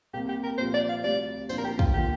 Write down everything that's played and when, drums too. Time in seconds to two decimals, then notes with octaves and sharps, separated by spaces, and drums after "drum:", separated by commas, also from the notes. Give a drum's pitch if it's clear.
0.14 C2 C3 A#3 G4
0.29 G4
0.44 A#4
0.58 C2 A#2 F3 C5
0.74 D5
0.89 F5
1.04 D2 C3 G3 D5
1.49 C2 A#2 F3 D4 C5, drum: tambourine
1.58 A#4
1.65 G4
1.79 F4, drum: kick
1.94 D3 A#3 F4 G4